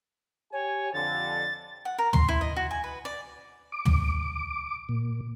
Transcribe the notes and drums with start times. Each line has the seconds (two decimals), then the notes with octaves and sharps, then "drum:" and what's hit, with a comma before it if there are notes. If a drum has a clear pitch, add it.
0.53 G4 C#5 G#5
0.94 F2 D3 A6
1.85 F#5
1.98 A#4
2.13 C6, drum: tom
2.29 E4
2.41 D#5
2.56 F#4
2.71 G#5
2.84 B4
3.05 D5
3.72 D6
3.85 drum: tom
4.89 A#2